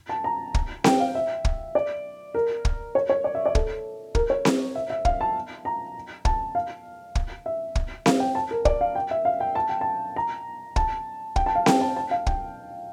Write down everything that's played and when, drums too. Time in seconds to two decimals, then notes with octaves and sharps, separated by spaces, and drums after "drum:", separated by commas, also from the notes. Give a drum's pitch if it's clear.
0.09 A5
0.24 A#5
0.55 drum: kick
0.84 G5, drum: snare C4
1.00 F5
1.15 E5
1.45 drum: kick
1.75 D5
2.34 A#4
2.65 drum: kick
2.95 C#5
3.09 C#5
3.24 D5
3.35 E5
3.46 D5
3.55 A4, drum: kick
4.15 A#4, drum: kick
4.30 C#5
4.45 drum: snare C4
4.75 E5
4.90 E5
5.05 F5, drum: kick
5.21 A5
5.65 A#5
6.25 A5, drum: kick
6.55 F5
7.15 drum: kick
7.46 E5
7.75 drum: kick
8.06 F5, drum: snare C4
8.20 G5
8.35 A5
8.51 A#4
8.65 D5, drum: kick
8.81 F5
8.95 G5
9.11 E5
9.25 F5
9.40 G5
9.55 A5
9.69 G5
9.81 A5
10.16 A#5
10.76 A5, drum: kick
11.36 G5, drum: kick
11.46 A5
11.55 F5
11.66 G5, drum: snare C4
11.81 A5
11.96 A5
12.11 F5
12.27 G5, drum: kick